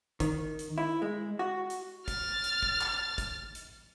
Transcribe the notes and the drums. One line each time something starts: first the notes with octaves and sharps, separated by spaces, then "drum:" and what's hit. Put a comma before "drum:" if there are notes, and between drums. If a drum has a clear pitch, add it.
D#3, drum: kick, hi-hat
drum: hi-hat
E4
G#3
F#4
drum: hi-hat
F6 A6, drum: kick, hi-hat
drum: hi-hat
drum: kick
drum: clap
drum: kick, hi-hat
drum: hi-hat